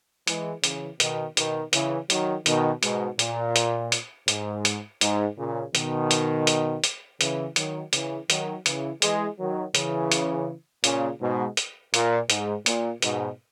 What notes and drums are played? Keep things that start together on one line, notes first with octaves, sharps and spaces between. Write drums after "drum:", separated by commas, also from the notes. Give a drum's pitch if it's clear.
E3 G#3, drum: hi-hat
C#3 E3, drum: hi-hat
B2 D#3, drum: hi-hat
B2 D#3, drum: hi-hat
C#3 E3, drum: hi-hat
D#3 F#3, drum: hi-hat
B2 D#3, drum: hi-hat
G#2 B2, drum: hi-hat
A#2, drum: hi-hat
drum: hi-hat
drum: hi-hat
G#2, drum: hi-hat
drum: hi-hat
G#2, drum: hi-hat
A#2 C#3
B2 D#3, drum: hi-hat
drum: hi-hat
drum: hi-hat
drum: hi-hat
C#3 E3, drum: hi-hat
D#3 F#3, drum: hi-hat
C#3 E3, drum: hi-hat
D#3 F#3, drum: hi-hat
C#3 E3, drum: hi-hat
E3 G#3, drum: hi-hat
D#3 F#3
C#3 E3, drum: hi-hat
drum: hi-hat
A#2 C#3, drum: hi-hat
G#2 B2
drum: hi-hat
A#2, drum: hi-hat
G#2, drum: hi-hat
A#2, drum: hi-hat
G#2 B2, drum: hi-hat